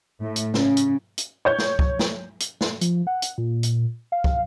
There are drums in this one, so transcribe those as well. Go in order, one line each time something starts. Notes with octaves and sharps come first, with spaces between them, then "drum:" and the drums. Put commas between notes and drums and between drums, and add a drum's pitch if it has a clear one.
A2
drum: hi-hat
C#3, drum: snare
drum: hi-hat
drum: hi-hat
C#5 G6
drum: snare
drum: kick
drum: snare
drum: hi-hat
drum: snare
F3, drum: hi-hat
F#5
drum: hi-hat
A#2
drum: hi-hat
F5
drum: kick